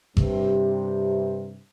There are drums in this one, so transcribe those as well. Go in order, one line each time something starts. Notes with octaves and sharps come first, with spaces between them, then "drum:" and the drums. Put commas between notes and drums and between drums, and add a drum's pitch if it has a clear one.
G2 C3, drum: kick G#1